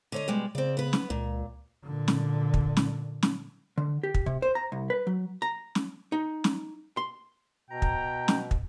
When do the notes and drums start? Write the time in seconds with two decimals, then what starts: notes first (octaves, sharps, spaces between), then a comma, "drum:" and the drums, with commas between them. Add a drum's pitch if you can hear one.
0.12 D3 C#5 D#5
0.28 B2 G3 G#3
0.55 C#3 C4 D5
0.77 B3 B4
0.93 drum: snare
1.10 C#2 A#2
1.85 A#2 D3
2.08 drum: snare
2.54 drum: kick
2.77 drum: snare
3.23 drum: snare
3.78 D3
4.03 G4
4.14 drum: kick
4.26 C3
4.42 C5
4.55 A#5
4.72 C2
4.90 B4
5.07 F#3
5.42 A#5
5.75 drum: snare
6.12 D#4
6.44 drum: snare
6.97 C6
7.70 B2 G5 A#5
7.82 drum: kick
8.28 drum: snare
8.51 drum: kick